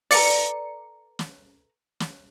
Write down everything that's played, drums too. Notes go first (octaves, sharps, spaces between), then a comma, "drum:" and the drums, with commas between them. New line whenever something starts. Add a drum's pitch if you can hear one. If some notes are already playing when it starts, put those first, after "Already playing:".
A4 B4 D5 A#5 C#7, drum: open hi-hat
drum: snare
drum: snare